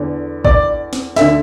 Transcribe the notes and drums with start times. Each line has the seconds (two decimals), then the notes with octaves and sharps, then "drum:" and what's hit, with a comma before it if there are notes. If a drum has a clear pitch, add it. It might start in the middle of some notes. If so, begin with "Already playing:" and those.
Already playing: E2 D3
0.45 D5, drum: kick
0.93 drum: snare
1.16 D2 D3 E5, drum: snare